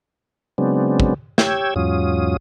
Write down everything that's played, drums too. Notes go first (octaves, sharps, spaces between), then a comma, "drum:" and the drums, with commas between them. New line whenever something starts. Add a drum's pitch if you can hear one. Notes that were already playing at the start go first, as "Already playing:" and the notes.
C#3 F#3 G#3 B3 C4 D4
drum: kick
G4 C#5 G5 E6 G#6, drum: snare
E2 G#2 F#3 C#4 F4 D#6